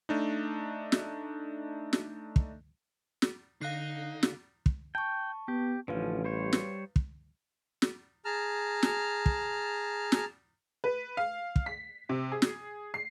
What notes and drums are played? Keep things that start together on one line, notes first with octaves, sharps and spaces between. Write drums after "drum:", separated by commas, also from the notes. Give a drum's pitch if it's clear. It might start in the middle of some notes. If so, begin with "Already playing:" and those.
A3 D4 D#4
drum: snare
drum: snare
drum: kick
drum: snare
D3 D#4 F5 F#6 C7
drum: snare
drum: kick
G5 A5 C#6
B3 G4
A1 D3 F3 C#4 B4 F5
G3 C5 C#5
drum: snare
drum: kick
drum: snare
G#4 A5 A#5 F6
drum: snare
drum: kick
drum: snare
B4
F5
drum: kick
B6
C3
G#4
drum: snare
C7